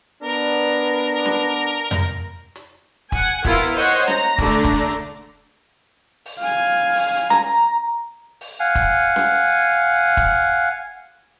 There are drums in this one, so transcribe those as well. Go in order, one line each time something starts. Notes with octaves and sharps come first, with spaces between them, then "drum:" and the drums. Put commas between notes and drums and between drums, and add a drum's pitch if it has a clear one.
B3 D4 A#4
drum: snare C#4
drum: tom F2
drum: hi-hat
F#5 G#5, drum: kick
B3 E4 F4 A#4, drum: kick
C5 C#5 D#5 F#5, drum: hi-hat
A#5, drum: snare C#4
D3 A3 D4 A#5, drum: kick
drum: kick
drum: open hi-hat
F5 G#5
drum: open hi-hat
drum: hi-hat
A#5, drum: snare C#4
drum: open hi-hat
F5 F#5 G#5
drum: kick
drum: snare C#4
drum: kick